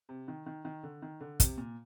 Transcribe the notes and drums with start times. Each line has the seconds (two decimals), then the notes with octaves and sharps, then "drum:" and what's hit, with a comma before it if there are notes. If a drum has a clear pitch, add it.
0.09 C3
0.28 D#3
0.46 D#3
0.65 D#3
0.83 D3
1.02 D#3
1.21 D3
1.40 C3, drum: kick, hi-hat
1.58 A#2